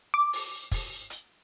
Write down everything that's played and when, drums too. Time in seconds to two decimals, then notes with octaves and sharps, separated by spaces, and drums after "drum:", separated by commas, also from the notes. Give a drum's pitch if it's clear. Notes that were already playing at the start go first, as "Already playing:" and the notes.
0.14 D6
0.33 drum: open hi-hat
0.72 drum: kick, open hi-hat
1.10 drum: hi-hat